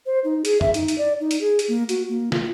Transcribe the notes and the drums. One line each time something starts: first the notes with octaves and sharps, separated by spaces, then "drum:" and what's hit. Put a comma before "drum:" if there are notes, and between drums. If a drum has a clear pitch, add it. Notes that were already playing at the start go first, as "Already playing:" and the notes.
C5
D#4
G#4, drum: hi-hat
E5, drum: tom
D#4, drum: hi-hat
drum: hi-hat
D5
D#4
drum: hi-hat
G#4
drum: hi-hat
A#3
F#4, drum: hi-hat
A#3
F4, drum: snare